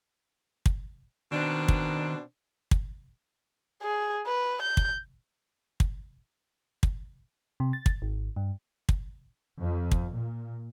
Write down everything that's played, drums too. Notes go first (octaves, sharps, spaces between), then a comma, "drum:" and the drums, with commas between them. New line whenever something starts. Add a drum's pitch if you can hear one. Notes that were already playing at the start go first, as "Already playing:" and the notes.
drum: kick
B2 D#3 C4 D4
drum: kick
drum: kick
G#4
B4
G6
drum: kick
drum: kick
drum: kick
C3
A6
drum: kick
G#1
G2
drum: kick
F2
drum: kick
A#2